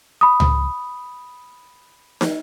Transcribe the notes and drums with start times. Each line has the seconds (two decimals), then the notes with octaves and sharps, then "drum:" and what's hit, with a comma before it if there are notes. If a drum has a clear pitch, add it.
0.21 B5 D#6
0.40 drum: tom C#2
2.21 drum: snare